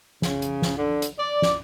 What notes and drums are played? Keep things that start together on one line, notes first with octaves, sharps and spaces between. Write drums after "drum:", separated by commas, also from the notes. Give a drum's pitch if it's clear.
C#3, drum: snare
drum: hi-hat
drum: snare
D3
drum: hi-hat
D5
drum: snare